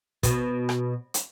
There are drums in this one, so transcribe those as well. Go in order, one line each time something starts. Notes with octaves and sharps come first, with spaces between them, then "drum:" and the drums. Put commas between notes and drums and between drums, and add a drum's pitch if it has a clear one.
B2, drum: kick, hi-hat
drum: rim click
drum: hi-hat